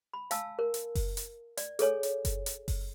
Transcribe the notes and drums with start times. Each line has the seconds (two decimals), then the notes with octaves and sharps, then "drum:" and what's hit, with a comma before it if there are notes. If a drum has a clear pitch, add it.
0.13 B5
0.31 F5 G#5 A5 E6, drum: hi-hat
0.59 A#4
0.74 drum: hi-hat
0.95 drum: kick F#1, open hi-hat
1.17 drum: hi-hat
1.57 D5, drum: hi-hat
1.79 G#4 A4 C#5 G#5, drum: hi-hat
2.03 drum: hi-hat
2.25 drum: kick F#1, hi-hat
2.46 drum: hi-hat
2.68 drum: kick F#1, open hi-hat